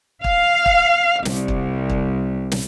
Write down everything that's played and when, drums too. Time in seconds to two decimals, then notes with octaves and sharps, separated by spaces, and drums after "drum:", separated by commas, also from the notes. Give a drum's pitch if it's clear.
0.24 F5, drum: kick
0.66 drum: kick
1.25 C2, drum: snare
1.48 drum: kick
1.90 drum: kick
2.52 drum: snare